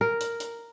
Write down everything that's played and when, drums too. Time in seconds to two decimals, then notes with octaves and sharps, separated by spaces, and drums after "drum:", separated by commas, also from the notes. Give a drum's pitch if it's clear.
0.01 A#4
0.20 drum: hi-hat
0.40 drum: hi-hat